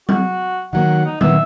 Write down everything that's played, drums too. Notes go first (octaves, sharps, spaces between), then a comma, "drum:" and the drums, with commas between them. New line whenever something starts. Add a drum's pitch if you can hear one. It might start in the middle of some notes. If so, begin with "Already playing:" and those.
F#4, drum: tom F#3
D#3 F#3 A#3 F#5
D#4
A#2 D#3 B3 E5, drum: tom F#3